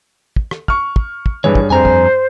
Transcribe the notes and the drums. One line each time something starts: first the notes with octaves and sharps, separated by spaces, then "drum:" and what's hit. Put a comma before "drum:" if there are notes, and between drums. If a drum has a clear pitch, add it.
drum: kick
drum: rim click
C#6 F6, drum: kick
drum: kick
drum: kick
G2 E3 G#4 C#5
drum: kick
F2 C5 G#5 A#5
drum: kick